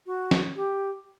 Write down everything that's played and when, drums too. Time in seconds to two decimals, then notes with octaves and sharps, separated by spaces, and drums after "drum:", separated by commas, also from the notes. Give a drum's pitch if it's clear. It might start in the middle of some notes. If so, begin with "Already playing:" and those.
0.06 F#4
0.31 drum: snare
0.56 G4